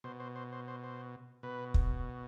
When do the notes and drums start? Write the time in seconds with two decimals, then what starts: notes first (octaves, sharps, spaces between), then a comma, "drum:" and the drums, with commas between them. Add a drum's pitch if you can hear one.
0.04 B2 C5
0.20 C5
0.36 C5
0.53 C5
0.68 C5
0.84 C5
1.43 B2 B4
1.74 drum: kick